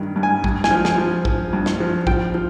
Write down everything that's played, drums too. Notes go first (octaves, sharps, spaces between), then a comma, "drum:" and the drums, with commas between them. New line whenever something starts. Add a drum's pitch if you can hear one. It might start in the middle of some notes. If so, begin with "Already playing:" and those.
Already playing: G2 D#3
G2
G#5
G2, drum: kick
G#5, drum: snare
F3
G#5, drum: snare
F3
F3, drum: kick
G2
drum: snare
F3
F3 G5, drum: kick
F3